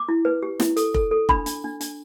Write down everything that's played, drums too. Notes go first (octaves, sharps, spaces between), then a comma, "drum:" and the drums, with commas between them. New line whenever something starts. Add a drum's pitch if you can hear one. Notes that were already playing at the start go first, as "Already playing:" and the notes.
Already playing: D6
E4
B4
G4
E4, drum: snare
A4, drum: hi-hat
A4, drum: kick F1
A4
D4 B5, drum: kick F1
D4, drum: hi-hat
D4
D4, drum: hi-hat